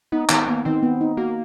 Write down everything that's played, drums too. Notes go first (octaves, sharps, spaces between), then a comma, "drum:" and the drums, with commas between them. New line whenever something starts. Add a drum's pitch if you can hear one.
B3 D#4
D#3 B3, drum: clap
A#3 B3
D#3 C4
B3
D#4
A#3 F#4